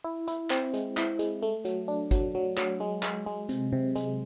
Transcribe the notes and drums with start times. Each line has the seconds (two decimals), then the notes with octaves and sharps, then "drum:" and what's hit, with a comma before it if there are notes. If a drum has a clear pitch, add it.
0.04 E4
0.28 E4, drum: hi-hat
0.50 C4, drum: clap
0.74 G#3, drum: hi-hat
0.97 E4, drum: clap
1.19 G#3, drum: hi-hat
1.43 A3
1.65 F#3, drum: hi-hat
1.88 D4
2.11 F#3, drum: kick G#1, hi-hat
2.35 F#3
2.57 F#3, drum: clap
2.80 G#3
3.03 G#3, drum: clap
3.26 G#3
3.49 C3, drum: hi-hat
3.72 C3
3.95 G#3, drum: hi-hat